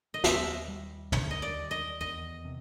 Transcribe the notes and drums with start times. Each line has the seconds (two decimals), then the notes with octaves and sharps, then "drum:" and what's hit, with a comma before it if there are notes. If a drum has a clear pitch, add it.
0.14 D#5
0.24 D#2 E5, drum: snare
0.68 G3
1.12 D#2, drum: tom
1.31 D#5
1.42 D5
1.57 D#2
1.71 D#5
2.01 E2 D#5
2.45 C3